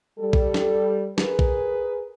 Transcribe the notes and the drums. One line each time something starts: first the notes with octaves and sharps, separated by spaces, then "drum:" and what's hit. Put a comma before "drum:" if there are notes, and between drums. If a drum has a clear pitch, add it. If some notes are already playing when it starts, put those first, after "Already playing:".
G3 A4
drum: kick
drum: snare
G#4 A#4 B4, drum: snare
drum: kick